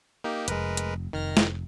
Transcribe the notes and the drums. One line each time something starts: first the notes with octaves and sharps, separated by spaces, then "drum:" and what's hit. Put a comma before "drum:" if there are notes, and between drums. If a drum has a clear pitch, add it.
A#3 D#4 G4
F1 G#3 A#4 B4, drum: hi-hat
drum: hi-hat
F1 D#3 F6 A#6
drum: snare